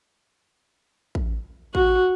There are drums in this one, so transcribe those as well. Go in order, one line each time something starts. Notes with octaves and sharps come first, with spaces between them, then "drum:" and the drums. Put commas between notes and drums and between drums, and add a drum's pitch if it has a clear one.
drum: kick A1
F#4, drum: kick A1